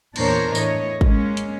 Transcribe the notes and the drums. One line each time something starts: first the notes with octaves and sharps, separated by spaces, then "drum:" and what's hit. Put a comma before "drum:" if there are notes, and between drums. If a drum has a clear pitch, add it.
E2 A#2 D4 A#4 C5 C#5, drum: cymbal
A2 C#5 D#5, drum: tambourine
G#3 A#3 C#4, drum: kick
drum: hi-hat